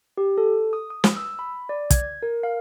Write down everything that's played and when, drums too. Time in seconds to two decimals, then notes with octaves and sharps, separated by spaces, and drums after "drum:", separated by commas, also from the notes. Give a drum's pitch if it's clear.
0.17 G4
0.38 A4
0.73 D#6
0.90 D#6
1.04 drum: snare
1.17 E6
1.39 B5
1.69 D5
1.90 G#6, drum: kick, hi-hat
2.22 A#4
2.43 F5